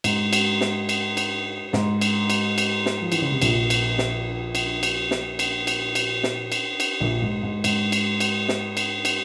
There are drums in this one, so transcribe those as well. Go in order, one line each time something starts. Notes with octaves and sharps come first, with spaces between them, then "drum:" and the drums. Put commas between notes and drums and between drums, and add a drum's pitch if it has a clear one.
G#2, drum: cymbal
drum: cymbal
drum: snare
drum: cymbal
drum: cymbal
G#2, drum: snare
drum: cymbal
drum: cymbal
drum: cymbal
drum: snare
F3
E3, drum: cymbal
C#3
C3
A#1 A#2, drum: cymbal
drum: cymbal
drum: snare
drum: cymbal
drum: cymbal
drum: snare
drum: cymbal
drum: cymbal
drum: cymbal
drum: snare
drum: cymbal
drum: cymbal
A#1 A#2
G#2
G#2
G#2, drum: cymbal
drum: cymbal
drum: cymbal
drum: snare
drum: cymbal
drum: cymbal